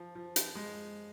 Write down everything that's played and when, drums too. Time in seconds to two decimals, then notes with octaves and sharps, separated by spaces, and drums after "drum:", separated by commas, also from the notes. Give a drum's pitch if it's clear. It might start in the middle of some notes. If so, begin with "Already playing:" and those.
Already playing: F3
0.15 F3
0.36 drum: hi-hat
0.55 G#3